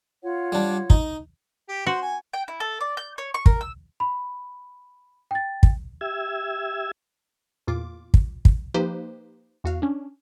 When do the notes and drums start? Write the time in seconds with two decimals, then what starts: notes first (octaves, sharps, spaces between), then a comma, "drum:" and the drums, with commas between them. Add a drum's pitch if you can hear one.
0.23 F4 C#5 F#5
0.52 G3 D4
0.90 D#4, drum: kick
1.68 G4
1.87 F#4 C5
2.02 G#5
2.33 G5
2.48 E4
2.60 A4
2.81 D5
2.97 G6
3.18 C#5
3.34 C#6
3.46 A#4, drum: kick
3.61 E6
4.00 B5
5.31 G5 A6
5.63 drum: kick
6.01 G4 E5 E6 G#6
7.67 E2 A#2 F4 D6
8.14 drum: kick
8.45 drum: kick
8.74 F3 A#3 D#4 G4 B4 C5
9.64 E2 F#4 F5
9.82 C#4 D4